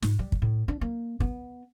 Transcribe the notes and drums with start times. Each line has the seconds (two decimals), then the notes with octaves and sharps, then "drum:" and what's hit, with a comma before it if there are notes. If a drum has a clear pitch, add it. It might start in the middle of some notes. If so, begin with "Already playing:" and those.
0.02 G#2, drum: snare
0.19 G3
0.32 drum: kick
0.42 A2
0.68 D4
0.81 A#3
1.20 B3, drum: kick